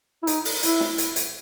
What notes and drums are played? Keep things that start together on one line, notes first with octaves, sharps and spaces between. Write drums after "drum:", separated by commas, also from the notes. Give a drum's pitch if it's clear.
E4
D#4, drum: hi-hat
drum: open hi-hat
E4, drum: hi-hat
drum: snare
drum: hi-hat
drum: hi-hat